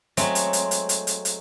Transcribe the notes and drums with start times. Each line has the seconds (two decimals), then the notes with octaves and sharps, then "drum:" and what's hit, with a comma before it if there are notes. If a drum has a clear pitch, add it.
0.17 F#3 G#3 A3 C4, drum: hi-hat
0.35 drum: hi-hat
0.53 drum: hi-hat
0.71 drum: hi-hat
0.89 drum: hi-hat
1.07 drum: hi-hat
1.25 drum: hi-hat